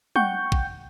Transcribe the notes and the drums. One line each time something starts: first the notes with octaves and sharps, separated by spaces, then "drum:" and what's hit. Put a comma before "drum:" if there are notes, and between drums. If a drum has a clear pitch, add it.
F#5 G5 C#6 G6, drum: tom
drum: kick